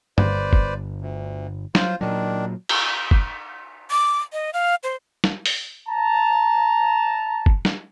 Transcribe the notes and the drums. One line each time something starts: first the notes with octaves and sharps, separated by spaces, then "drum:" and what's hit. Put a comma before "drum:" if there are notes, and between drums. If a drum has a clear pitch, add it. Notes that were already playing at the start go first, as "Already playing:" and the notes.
G1 B4 C5 D5, drum: tom G2
drum: kick
D2
F#3 F4 C5, drum: snare
A#2 D#3 F#3 D4
drum: cymbal
drum: kick
D6
D#5
F5
C5
drum: snare
drum: open hi-hat
A5 A#5
drum: kick
drum: snare